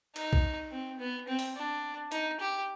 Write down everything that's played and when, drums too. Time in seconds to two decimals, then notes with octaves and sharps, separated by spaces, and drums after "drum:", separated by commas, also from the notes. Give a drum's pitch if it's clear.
0.16 D#4, drum: cymbal
0.33 drum: kick B1
0.71 C4
0.99 B3
1.28 C4
1.39 drum: open hi-hat
1.56 D4
2.12 D#4, drum: hi-hat
2.40 G4